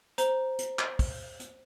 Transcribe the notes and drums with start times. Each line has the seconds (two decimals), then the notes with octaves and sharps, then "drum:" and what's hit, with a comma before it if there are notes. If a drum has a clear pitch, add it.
0.18 C5 A#5, drum: hi-hat
0.59 drum: hi-hat
0.79 drum: clap
0.99 drum: kick, open hi-hat
1.40 drum: hi-hat